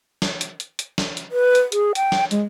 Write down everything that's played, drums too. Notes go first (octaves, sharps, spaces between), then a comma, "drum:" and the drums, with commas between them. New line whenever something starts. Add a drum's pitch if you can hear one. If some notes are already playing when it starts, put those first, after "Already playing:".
drum: snare
drum: hi-hat
drum: hi-hat
drum: hi-hat
drum: snare
drum: hi-hat
B4
drum: hi-hat
G#4, drum: hi-hat
G5, drum: hi-hat
drum: snare
G#3, drum: hi-hat